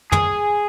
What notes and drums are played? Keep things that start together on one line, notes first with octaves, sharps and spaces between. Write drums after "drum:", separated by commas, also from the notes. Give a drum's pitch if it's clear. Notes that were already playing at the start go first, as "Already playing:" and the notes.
G#4, drum: tom